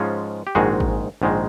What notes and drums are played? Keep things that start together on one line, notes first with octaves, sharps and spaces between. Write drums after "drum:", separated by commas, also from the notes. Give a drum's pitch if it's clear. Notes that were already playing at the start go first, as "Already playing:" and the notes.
Already playing: G#2 F3 G#3 C#4 F4
G4
A#1 G#2 D#3 G#3 F#4 G#4
drum: kick G#1
A#1 G#2 D#3 G#3